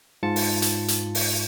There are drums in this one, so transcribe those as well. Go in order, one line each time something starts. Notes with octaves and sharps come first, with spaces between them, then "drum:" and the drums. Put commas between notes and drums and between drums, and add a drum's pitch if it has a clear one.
G#2 F4 A5 A6 C#7
drum: open hi-hat
drum: hi-hat
drum: hi-hat
drum: open hi-hat